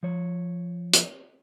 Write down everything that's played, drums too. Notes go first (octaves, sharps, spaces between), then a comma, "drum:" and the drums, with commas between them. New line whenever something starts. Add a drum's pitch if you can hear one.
F3 C#5
drum: hi-hat